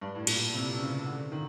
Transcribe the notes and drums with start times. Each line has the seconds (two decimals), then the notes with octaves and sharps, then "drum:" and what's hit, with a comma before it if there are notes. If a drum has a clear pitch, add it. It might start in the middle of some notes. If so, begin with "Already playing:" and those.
0.01 G2
0.15 A2
0.27 A#2, drum: cymbal
0.54 C3
0.79 C#3
1.06 D3
1.32 D#3